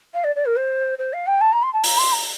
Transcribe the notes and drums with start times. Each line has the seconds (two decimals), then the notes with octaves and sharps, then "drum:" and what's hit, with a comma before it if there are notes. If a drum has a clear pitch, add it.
0.14 F5
0.24 D5
0.35 D5
0.45 A#4
0.56 C5
0.98 C5
1.13 F5
1.27 G5
1.41 A5
1.52 A#5
1.62 C6
1.73 A5
1.84 A#5, drum: open hi-hat
1.98 C6
2.12 A#5